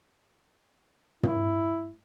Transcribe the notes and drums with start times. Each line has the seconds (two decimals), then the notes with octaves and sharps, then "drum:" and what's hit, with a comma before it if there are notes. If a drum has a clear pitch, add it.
1.23 E4, drum: tom